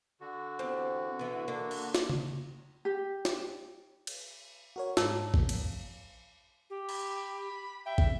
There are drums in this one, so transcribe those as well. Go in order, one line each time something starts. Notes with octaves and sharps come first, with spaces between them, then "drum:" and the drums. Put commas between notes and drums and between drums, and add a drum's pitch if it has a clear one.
D3 F#4
E2 C4 G4
E3 B3
A#3 D4
drum: cymbal
drum: snare
drum: tom C#3
G4
drum: snare
drum: cymbal
F#4 A#4 C#5
G#2 C#5 A5 A#5 E6, drum: snare
A2 C3 A#3, drum: kick
G#1 F2, drum: cymbal
G4
B5, drum: cymbal
E5 G5
drum: kick